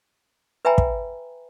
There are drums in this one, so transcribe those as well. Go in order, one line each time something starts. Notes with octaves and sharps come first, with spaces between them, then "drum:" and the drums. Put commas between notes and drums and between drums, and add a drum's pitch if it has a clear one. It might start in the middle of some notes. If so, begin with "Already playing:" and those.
B4 E5 G5 G#5 A#5 B5
drum: kick